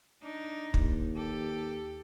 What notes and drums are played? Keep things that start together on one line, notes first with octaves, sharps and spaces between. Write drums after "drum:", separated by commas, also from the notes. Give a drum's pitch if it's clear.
D4 D#4
D#2, drum: kick
G4 A4